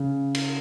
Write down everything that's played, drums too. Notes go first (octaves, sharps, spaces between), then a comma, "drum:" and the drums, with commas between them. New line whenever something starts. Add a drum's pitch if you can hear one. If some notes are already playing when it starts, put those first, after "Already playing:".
Already playing: C#3
drum: cymbal